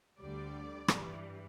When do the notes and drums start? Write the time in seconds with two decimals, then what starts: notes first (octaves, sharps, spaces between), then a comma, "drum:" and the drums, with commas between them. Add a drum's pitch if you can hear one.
0.20 D2 D3 G3 D5
0.88 G2 E3 G3, drum: rim click